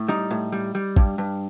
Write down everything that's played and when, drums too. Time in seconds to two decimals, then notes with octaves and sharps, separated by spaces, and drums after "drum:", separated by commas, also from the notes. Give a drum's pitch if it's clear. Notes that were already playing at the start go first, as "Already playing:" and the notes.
Already playing: A2
0.08 G3 D#4
0.31 A2
0.52 G3
0.75 G3
0.96 G2, drum: kick A1
1.18 G2